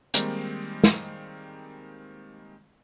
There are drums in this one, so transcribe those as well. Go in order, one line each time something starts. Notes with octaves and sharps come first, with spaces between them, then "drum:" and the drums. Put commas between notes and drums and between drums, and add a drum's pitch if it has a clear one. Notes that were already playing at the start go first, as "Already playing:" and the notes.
D#3 G3 G#3 A#3 C4 D#4, drum: hi-hat
drum: snare